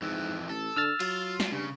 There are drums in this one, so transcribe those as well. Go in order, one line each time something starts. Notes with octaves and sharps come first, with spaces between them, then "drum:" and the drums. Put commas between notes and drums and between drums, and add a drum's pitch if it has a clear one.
F2 G#2 E3
A1 A4
D3 E6 F6 A6
F#3 F4, drum: cymbal
drum: snare
G2 C#3